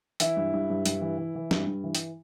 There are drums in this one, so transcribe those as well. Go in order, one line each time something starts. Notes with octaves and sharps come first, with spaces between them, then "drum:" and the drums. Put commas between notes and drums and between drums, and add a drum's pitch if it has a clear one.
E3 E4, drum: hi-hat
G2
G2
G2
G2, drum: hi-hat
E3
E3
E3
G2, drum: snare
G2
E3
drum: hi-hat